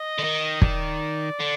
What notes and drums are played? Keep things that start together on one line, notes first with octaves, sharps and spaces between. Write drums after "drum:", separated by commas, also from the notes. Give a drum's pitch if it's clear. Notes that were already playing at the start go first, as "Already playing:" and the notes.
Already playing: D#5
D3
D#3
D5, drum: kick
D3